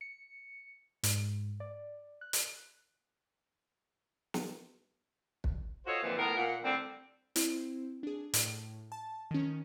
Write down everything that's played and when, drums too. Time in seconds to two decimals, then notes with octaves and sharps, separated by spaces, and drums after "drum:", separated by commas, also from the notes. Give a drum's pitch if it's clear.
0.01 C#7
1.03 G#2, drum: hi-hat
1.60 D5
2.21 F#6
2.33 drum: hi-hat
4.34 drum: snare
5.44 drum: kick
5.86 F4 F#4 A4 C5 C#5 D#5
6.03 D#2 A#2 D3 E3 F3 C4
6.18 A2 B3 A#4
6.36 A#2 F#5
6.63 A2 D3 G3 C4
7.36 C4 E4 C5, drum: hi-hat
8.03 D4 G#4
8.34 A2, drum: hi-hat
8.92 A5
9.31 D#3 C#4